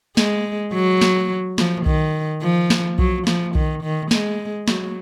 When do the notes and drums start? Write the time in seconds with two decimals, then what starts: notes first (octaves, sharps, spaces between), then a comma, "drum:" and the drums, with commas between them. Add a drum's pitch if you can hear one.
0.17 G#3, drum: snare
0.73 F#3
1.01 drum: snare
1.58 F3, drum: snare
1.86 D#3, drum: kick B1
2.43 F3
2.70 drum: snare
2.99 F#3, drum: kick B1
3.27 F3, drum: snare
3.55 D#3, drum: kick B1
3.83 D#3
4.11 G#3, drum: snare
4.68 F#3, drum: snare